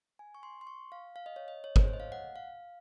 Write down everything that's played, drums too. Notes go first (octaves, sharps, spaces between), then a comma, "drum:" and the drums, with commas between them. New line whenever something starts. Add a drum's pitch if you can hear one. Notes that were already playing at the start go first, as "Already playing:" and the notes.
G#5
C#6
C6
C6
C#6
F5
F5
D#5
C#5
D#5
C#5
C5, drum: kick G1
C#5
D#5
F5
F#5
F5